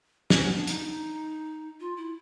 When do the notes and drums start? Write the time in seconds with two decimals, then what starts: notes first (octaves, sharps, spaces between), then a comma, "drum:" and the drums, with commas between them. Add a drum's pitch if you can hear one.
0.30 C#4, drum: snare
0.43 B3
0.55 D4
0.67 D#4, drum: hi-hat
1.80 F4
1.97 E4